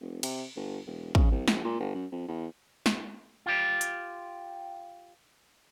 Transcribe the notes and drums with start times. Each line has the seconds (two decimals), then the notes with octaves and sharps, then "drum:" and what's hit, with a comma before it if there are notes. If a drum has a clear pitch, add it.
0.01 F1
0.23 C3, drum: cymbal
0.56 G1
0.86 E1
1.15 C#3, drum: kick
1.31 C2
1.48 A#1, drum: snare
1.64 A#2
1.80 G1
1.95 F#2
2.12 F2
2.28 E2
2.86 drum: snare
3.46 F4 G4
3.81 drum: hi-hat